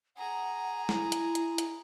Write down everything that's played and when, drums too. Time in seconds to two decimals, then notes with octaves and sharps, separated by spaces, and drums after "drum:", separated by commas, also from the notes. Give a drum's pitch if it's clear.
0.17 G#4 F#5 A#5
0.89 E4, drum: snare
1.12 drum: hi-hat
1.35 drum: hi-hat
1.58 drum: hi-hat